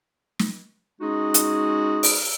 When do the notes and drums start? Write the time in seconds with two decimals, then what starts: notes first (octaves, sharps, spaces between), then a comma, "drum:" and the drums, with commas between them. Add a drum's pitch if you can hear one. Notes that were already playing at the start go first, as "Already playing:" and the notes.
0.39 drum: snare
1.01 G#3 C#4 D#4 F#4 G#4
1.34 drum: hi-hat
2.03 drum: open hi-hat